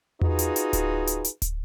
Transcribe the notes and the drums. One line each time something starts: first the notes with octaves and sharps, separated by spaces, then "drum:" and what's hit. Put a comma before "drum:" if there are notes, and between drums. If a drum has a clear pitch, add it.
D#4 F4 F#4 G#4 B4, drum: tom E2
drum: hi-hat
drum: hi-hat
drum: kick D1, hi-hat
drum: hi-hat
drum: hi-hat
drum: kick D1, hi-hat